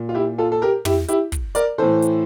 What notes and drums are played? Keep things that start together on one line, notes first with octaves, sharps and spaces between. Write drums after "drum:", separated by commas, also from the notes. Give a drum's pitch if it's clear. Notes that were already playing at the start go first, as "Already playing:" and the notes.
Already playing: A#2
F4
E4 G4
F4 A4
A4
G4 A#4
E4 G4, drum: tom
E4 G4, drum: hi-hat
drum: kick, hi-hat
A#4 D5, drum: hi-hat
A2 E3 A4 C5
drum: hi-hat